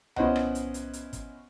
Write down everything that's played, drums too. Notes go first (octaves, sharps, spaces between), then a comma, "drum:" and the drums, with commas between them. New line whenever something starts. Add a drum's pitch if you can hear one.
B3 C#4 E4 C5 D#5 F#5, drum: tom C2
drum: rim click
drum: hi-hat
drum: hi-hat
drum: hi-hat
drum: kick, hi-hat